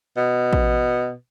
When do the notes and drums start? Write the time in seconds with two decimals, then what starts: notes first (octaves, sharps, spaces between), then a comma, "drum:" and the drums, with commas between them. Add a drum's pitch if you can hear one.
0.17 B2
0.53 drum: kick A1